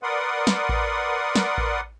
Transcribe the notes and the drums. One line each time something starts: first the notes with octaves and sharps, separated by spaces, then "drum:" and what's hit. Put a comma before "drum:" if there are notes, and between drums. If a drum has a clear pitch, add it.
A#4 B4 D5 F#5 C6 D#6
drum: snare
drum: kick A1
drum: snare
drum: kick A1